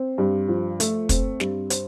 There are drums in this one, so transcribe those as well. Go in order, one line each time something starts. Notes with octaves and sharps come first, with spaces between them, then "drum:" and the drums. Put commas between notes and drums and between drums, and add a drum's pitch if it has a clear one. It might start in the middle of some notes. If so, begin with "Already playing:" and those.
Already playing: C4
G2
F3
A3, drum: hi-hat
C4, drum: kick, hi-hat
G2, drum: snare
C5, drum: hi-hat